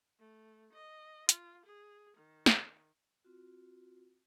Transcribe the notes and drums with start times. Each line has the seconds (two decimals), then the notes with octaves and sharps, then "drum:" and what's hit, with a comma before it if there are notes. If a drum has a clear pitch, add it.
0.19 A3
0.73 D#5
1.29 F4, drum: hi-hat
1.65 G#4
2.17 D#3
2.46 drum: snare
3.24 C4 F4 F#4